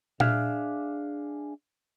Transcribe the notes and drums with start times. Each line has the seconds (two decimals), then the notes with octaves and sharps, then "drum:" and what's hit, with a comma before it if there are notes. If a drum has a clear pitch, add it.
0.20 D4 G#4 E5 F5, drum: tom A#2